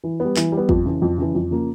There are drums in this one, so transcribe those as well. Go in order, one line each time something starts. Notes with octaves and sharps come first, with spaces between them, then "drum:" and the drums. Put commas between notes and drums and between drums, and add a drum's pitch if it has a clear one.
E3
G3 B3
E3, drum: clap
G3
B3
F2, drum: kick
C#3 E3
F2
C#3 E3
F2
C#3 F3 A#3